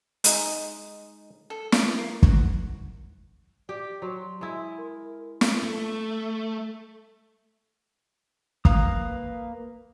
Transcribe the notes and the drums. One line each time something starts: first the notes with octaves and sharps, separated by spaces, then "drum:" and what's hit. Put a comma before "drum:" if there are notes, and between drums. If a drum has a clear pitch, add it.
G#3 D#4, drum: hi-hat
A4
D4, drum: snare
A#3
F#4, drum: kick
G4 D5
F#3 C6
G#3 E4
A#4
drum: snare
A3
A#3 B4 F5 A#5 D#6, drum: kick